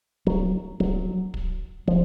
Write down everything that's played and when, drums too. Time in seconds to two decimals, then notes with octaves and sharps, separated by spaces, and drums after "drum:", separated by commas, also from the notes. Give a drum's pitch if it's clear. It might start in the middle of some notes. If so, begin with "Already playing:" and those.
0.27 F#3, drum: kick
0.80 F#3, drum: kick
1.34 drum: kick
1.87 F3, drum: kick